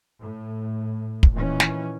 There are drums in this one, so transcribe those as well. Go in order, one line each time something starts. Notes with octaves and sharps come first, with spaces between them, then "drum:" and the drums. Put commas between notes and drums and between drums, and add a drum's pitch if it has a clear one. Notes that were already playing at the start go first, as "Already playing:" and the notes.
A2
drum: kick
A#2 D#3 E3 C#4
drum: snare